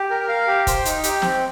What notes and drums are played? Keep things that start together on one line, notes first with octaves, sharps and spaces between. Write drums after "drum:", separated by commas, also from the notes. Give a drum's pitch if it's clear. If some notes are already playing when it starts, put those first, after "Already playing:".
Already playing: G4
A#4
F5
G4
C5, drum: kick, hi-hat
D#4, drum: hi-hat
G4, drum: hi-hat
C4, drum: snare